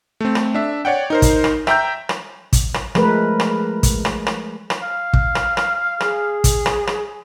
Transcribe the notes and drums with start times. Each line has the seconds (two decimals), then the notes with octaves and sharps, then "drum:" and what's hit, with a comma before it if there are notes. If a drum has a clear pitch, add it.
0.21 A3 C4
0.35 drum: rim click
0.54 D4 E5
0.85 C#5 D5 F#5 G5
1.10 D#4 A#4 C5
1.22 drum: kick, hi-hat
1.44 drum: rim click
1.67 E5 G5 A#5 E6 G6, drum: rim click
2.09 drum: rim click
2.53 drum: kick, hi-hat
2.74 drum: rim click
2.95 F3 G#3 A3 A#4 B4, drum: rim click
3.40 drum: rim click
3.83 drum: kick, hi-hat
4.05 drum: rim click
4.27 drum: rim click
4.70 drum: rim click
4.83 F5
5.13 drum: kick
5.35 drum: rim click
5.57 drum: rim click
6.00 G#4, drum: rim click
6.44 drum: kick, hi-hat
6.66 drum: rim click
6.87 drum: rim click